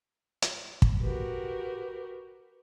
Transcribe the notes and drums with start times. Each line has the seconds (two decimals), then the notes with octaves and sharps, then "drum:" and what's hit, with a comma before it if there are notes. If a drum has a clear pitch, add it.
0.42 drum: hi-hat
0.82 drum: kick
0.99 F#4 G4 A#4 B4